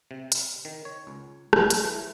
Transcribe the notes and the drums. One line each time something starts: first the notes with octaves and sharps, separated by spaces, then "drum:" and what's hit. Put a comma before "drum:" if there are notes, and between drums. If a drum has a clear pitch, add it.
C3
drum: hi-hat
D#3
C#5
C#2
C#4, drum: rim click
drum: hi-hat
E3